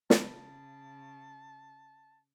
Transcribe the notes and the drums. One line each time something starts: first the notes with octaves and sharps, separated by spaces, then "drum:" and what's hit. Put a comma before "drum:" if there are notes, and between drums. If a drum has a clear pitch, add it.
C#3 B4 A5, drum: snare